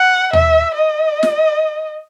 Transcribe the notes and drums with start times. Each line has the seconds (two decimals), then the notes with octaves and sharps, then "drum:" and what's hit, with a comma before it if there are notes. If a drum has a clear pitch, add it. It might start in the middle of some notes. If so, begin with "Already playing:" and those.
Already playing: F#5
0.33 E5, drum: tom D#2
0.75 D#5
1.23 drum: snare